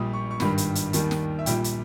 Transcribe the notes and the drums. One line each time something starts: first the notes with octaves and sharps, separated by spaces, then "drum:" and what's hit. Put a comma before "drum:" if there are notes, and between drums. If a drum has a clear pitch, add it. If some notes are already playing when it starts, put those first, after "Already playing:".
Already playing: A#1 A#2 G3 D#6
C#6
C#6
G#1 G2 D#3 G3 B5, drum: snare
drum: hi-hat
drum: hi-hat
D#2 D#3 G3, drum: hi-hat
drum: snare
E5
A#1 A#2 G3 G5, drum: hi-hat
drum: hi-hat